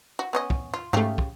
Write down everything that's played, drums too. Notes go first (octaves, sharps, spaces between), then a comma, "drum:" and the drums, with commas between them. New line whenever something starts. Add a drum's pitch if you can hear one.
F#4
B3 C#4 D#5
drum: kick
F4
G#2 C#3 A3 G4 F5
drum: kick